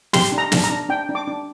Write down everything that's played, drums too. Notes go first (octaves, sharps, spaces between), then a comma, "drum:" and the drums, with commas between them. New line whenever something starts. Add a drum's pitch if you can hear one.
G4 C6, drum: snare
D4
A#5
D4, drum: snare
A#5
D4
D4 G5
D4
D6
D4